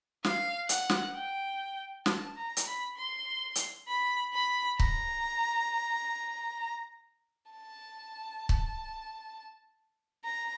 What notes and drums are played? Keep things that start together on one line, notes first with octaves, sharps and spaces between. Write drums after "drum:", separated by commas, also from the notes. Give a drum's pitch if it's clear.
F5, drum: snare
F#5, drum: hi-hat
drum: snare
G5
A5, drum: snare
A#5
drum: hi-hat
B5
C6
drum: hi-hat
B5
B5
A#5, drum: kick C#1
A5
drum: kick C#1
A#5